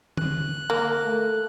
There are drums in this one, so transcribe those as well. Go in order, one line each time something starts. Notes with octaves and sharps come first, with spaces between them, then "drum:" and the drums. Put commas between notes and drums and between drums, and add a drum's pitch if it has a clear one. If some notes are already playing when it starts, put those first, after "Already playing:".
F#6, drum: tom D3
A#3
A3